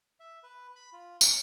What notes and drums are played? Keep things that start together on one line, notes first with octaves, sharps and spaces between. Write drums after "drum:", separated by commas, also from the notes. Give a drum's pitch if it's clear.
E5
B4
B5
F4
C#4, drum: tambourine